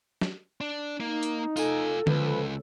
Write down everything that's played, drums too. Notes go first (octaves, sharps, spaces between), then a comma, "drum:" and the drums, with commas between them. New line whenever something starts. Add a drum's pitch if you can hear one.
drum: snare
D4
A#3 D#4
drum: hi-hat
F4 A4 G#5, drum: tambourine
C#2 F3 F4 B4, drum: tom D3